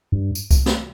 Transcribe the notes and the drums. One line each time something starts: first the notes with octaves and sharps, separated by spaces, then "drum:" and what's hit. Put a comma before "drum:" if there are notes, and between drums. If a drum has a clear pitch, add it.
G2
drum: tambourine
drum: kick C2, tambourine
drum: snare